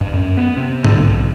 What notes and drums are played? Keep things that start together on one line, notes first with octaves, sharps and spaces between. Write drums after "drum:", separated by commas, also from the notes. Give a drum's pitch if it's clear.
G2
F#2
B3
C3
D3, drum: tom G#2
B1